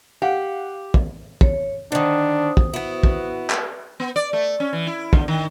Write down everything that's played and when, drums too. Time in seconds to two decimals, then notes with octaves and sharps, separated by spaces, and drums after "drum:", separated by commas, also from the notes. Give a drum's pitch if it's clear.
0.22 G4 F5 F#5
0.94 drum: kick
1.41 C#5, drum: kick
1.92 D3 D#3 D4 C5 D#6
2.57 drum: kick
2.73 B3 E4 F#4
3.03 drum: kick
3.50 drum: clap
4.00 B3
4.16 D5
4.33 A3
4.60 C#4
4.73 E3
4.87 E4
5.13 D3, drum: kick
5.28 D#3